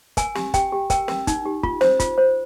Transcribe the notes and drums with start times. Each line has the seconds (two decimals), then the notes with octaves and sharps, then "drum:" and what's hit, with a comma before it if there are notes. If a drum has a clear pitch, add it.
0.17 A#4 G#5, drum: kick, hi-hat
0.35 G4, drum: snare
0.54 G4 G5, drum: kick, hi-hat
0.72 G4
0.90 A#4 G5, drum: kick, hi-hat
1.08 A#4, drum: snare
1.27 D#4, drum: kick, hi-hat
1.46 G4
1.63 F4, drum: kick
1.81 C5, drum: snare
2.00 F4, drum: kick, hi-hat
2.18 C5